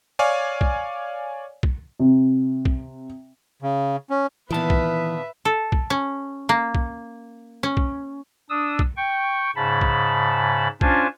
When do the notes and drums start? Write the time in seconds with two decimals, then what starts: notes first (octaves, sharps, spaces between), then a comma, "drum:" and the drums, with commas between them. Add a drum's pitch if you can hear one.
0.19 C#5 D5 F5 G#5
0.61 drum: kick
1.63 drum: kick
2.00 C3
2.65 drum: kick
3.62 C#3
4.10 C#4
4.51 A#2 D#3 E3 B3 B4 E5 A5
4.70 drum: kick
5.45 A4
5.72 drum: kick
5.90 C#4
6.49 A#3
6.75 drum: kick
7.63 C#4
7.77 drum: kick
8.50 D4 D#6 E6
8.79 drum: kick
8.97 G5 C#6
9.56 G#2 C#3 A5 B5
9.81 drum: kick
10.81 C#4 D4 F4 C5 G#5 A5, drum: kick